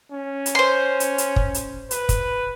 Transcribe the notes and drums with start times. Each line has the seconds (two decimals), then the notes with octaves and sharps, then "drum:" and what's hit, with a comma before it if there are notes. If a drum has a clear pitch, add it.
0.12 C#4
0.46 drum: hi-hat
0.55 C5 C6
1.00 drum: hi-hat
1.18 drum: hi-hat
1.36 drum: kick
1.54 drum: hi-hat
1.91 B4, drum: hi-hat
2.09 drum: kick, hi-hat